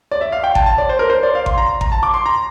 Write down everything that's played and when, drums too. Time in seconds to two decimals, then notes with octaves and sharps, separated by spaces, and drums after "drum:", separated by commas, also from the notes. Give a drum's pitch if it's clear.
0.11 D5
0.21 E5
0.32 F5
0.44 G5
0.55 A5, drum: kick G#1
0.66 A5
0.78 D5
0.89 C5
0.99 A#4
1.10 C5
1.23 D5
1.35 F5
1.46 C6, drum: kick G#1
1.58 A#5
1.81 A#5, drum: kick G#1
1.92 A5
2.03 D6
2.14 C6
2.26 A#5